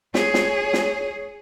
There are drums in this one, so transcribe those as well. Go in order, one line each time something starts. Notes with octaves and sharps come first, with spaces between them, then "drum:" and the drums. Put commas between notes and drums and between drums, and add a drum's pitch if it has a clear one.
G#4 C#5, drum: snare
drum: snare
drum: snare